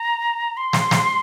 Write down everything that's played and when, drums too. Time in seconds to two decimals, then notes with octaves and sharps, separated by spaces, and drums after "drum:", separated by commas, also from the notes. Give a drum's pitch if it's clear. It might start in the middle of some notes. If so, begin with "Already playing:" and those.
Already playing: A#5
0.57 C6
0.73 drum: snare
0.91 drum: snare